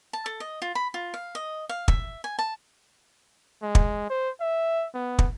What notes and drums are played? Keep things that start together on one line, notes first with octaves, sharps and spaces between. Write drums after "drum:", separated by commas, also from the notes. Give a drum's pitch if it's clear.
A5
A4
D#5
F4
B5
F4
F5
D#5
F5
E5, drum: kick
G#5
A5
G#3
drum: kick
C5
E5
B3
drum: kick